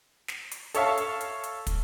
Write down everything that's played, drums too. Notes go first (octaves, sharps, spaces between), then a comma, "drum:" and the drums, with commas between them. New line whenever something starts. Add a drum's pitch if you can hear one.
drum: snare
drum: hi-hat
A4 C#5 E5 F5 A5, drum: hi-hat
drum: hi-hat
drum: hi-hat
drum: hi-hat
drum: kick, hi-hat